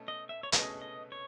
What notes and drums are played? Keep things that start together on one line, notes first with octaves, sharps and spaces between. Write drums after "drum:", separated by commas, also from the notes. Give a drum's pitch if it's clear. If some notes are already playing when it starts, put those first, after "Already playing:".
Already playing: B2 A3 C#4
D#5
E5
C#5
B2 A3 C#4 G#4 B4 D#5, drum: hi-hat
D#5
C#5